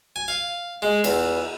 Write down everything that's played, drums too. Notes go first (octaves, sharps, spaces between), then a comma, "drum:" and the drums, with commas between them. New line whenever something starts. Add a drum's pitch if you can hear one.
G#5
F5
G#3
E2, drum: cymbal